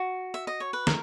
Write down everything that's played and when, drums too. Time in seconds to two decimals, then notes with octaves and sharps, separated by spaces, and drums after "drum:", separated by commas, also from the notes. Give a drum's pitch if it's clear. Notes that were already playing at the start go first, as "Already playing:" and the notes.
Already playing: F#4
0.34 E5
0.47 D#5
0.60 C#5
0.73 B4
0.87 A#4, drum: snare